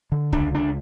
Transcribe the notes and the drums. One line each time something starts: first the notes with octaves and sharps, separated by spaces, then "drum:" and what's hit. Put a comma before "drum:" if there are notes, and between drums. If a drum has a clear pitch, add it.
D3
C#2 D4, drum: kick
C#2 D4